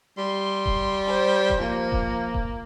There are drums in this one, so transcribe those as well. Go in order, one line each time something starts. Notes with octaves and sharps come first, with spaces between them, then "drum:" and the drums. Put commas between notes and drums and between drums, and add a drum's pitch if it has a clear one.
G3 C6
drum: kick D#1
C5
drum: kick D#1
F3 A#3
drum: kick D#1
drum: kick D#1